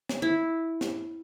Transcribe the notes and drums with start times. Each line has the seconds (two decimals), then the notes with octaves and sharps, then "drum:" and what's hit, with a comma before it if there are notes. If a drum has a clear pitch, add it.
0.09 drum: snare
0.22 E4
0.81 drum: snare